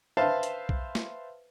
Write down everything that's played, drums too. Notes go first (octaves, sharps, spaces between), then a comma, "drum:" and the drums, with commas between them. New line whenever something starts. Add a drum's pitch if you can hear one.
B4 C5 E5 F5 A5
drum: hi-hat
drum: kick B1
drum: snare